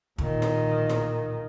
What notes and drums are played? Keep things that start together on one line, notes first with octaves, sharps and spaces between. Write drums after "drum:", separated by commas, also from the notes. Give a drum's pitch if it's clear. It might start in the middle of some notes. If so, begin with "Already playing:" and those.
A#2 D#3, drum: kick
drum: snare
drum: snare